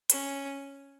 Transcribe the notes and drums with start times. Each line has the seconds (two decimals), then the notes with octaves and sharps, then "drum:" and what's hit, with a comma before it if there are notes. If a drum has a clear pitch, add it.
0.10 C#4, drum: hi-hat